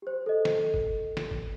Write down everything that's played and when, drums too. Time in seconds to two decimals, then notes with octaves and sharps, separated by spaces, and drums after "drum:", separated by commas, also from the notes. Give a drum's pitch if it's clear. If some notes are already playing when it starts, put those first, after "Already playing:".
0.02 G4 C5
0.26 A4 D#5
0.45 drum: snare
0.74 drum: kick
1.17 drum: snare
1.31 drum: kick